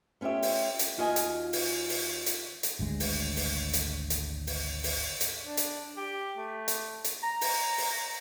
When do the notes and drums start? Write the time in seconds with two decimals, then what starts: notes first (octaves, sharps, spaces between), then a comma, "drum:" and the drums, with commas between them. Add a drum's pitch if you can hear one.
0.21 A3 C#4 F4 G4 E5
0.42 drum: open hi-hat
0.79 drum: hi-hat
0.98 D#2 F4 F#4 D#5 E5 G#5
1.16 drum: hi-hat
1.53 drum: open hi-hat
1.90 drum: open hi-hat
2.26 drum: hi-hat
2.63 drum: hi-hat
2.79 G#1 D2 G#3
3.00 drum: open hi-hat
3.37 drum: open hi-hat
3.73 drum: hi-hat
4.10 drum: hi-hat
4.47 drum: open hi-hat
4.84 drum: open hi-hat
5.21 drum: hi-hat
5.45 D4
5.57 drum: hi-hat
5.97 G4
6.37 A3
6.68 drum: hi-hat
7.04 drum: hi-hat
7.23 A#5
7.41 drum: open hi-hat
7.78 drum: open hi-hat